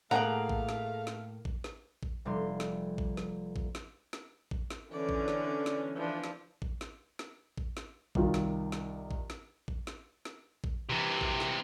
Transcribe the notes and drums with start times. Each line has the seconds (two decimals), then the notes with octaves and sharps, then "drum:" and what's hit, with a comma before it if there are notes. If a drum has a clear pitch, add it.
0.11 A2 A3 A#3 G#4 F5 F#5 A#5, drum: snare
0.49 drum: kick A1
0.69 drum: snare
1.07 drum: snare
1.45 drum: kick A1
1.64 drum: snare
2.03 drum: kick A1
2.25 F1 G3 C6
2.60 drum: snare
2.98 drum: kick A1
3.17 drum: snare
3.56 drum: kick A1
3.75 drum: snare
4.13 drum: snare
4.51 drum: kick A1
4.70 drum: snare
4.92 D3 E3 C#4 D5
5.09 drum: kick A1
5.28 drum: snare
5.66 drum: snare
5.96 E3 F3 D4
6.24 drum: snare
6.62 drum: kick A1
6.81 drum: snare
7.19 drum: snare
7.58 drum: kick A1
7.77 drum: snare
8.15 C2 D#3 F4, drum: kick A1
8.34 drum: snare
8.72 drum: snare
9.11 drum: kick A1
9.30 drum: snare
9.68 drum: kick A1
9.87 drum: snare
10.25 drum: snare
10.64 drum: kick A1
10.90 C3 E3
11.21 drum: kick A1
11.40 drum: snare